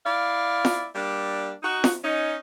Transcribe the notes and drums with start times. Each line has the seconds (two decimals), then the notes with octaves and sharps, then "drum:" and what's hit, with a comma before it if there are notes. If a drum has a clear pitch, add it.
0.05 E4 D5 F5
0.65 drum: snare
0.94 G3 A#3 D4
1.62 D#4 F#4
1.84 drum: snare
2.02 C#4 D#4